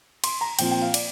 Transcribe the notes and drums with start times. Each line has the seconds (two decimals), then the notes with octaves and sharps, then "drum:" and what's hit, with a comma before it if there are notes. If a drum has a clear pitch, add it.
0.24 C6, drum: cymbal
0.41 A#5
0.59 A#2 F3 C4 F4 G5, drum: cymbal
0.71 G5
0.82 F5
0.94 D5, drum: cymbal